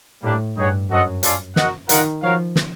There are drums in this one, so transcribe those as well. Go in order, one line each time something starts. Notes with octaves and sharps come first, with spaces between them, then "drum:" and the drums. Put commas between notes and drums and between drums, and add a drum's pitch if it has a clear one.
A2 G3 A#3 D4 G4
G2 D#4 G#4 C#5 F#5
F#2 F#4 A4 C5 D#5 F#5
C#4 F4 A4 D5, drum: hi-hat
F#4 A#4 D#5 F#5, drum: snare
D#3 F4 A#4 D#5 F#5, drum: hi-hat
F3 F#4 A#4 C#5 F5
drum: snare